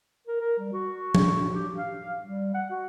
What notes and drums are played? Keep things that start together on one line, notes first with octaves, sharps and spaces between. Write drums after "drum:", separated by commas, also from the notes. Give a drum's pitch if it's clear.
A#4
A#4
G3
F#4
drum: tom F3
G4
F5
G3
F#5
F#4